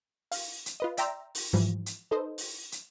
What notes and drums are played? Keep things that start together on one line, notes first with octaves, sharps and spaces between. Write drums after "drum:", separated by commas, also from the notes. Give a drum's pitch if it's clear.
F5, drum: open hi-hat
drum: hi-hat
F4 B4 D#5
D5 E5 G5 A#5 C6 E6, drum: hi-hat
drum: open hi-hat
G#2 E3 F3 G3
drum: hi-hat
D#4 A4 B4 C5 D#5
drum: open hi-hat
drum: hi-hat